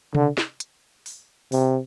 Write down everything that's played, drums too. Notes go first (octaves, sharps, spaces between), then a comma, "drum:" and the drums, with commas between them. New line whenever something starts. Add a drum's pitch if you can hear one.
D3, drum: tom C3
drum: snare
drum: hi-hat
drum: open hi-hat
C3, drum: open hi-hat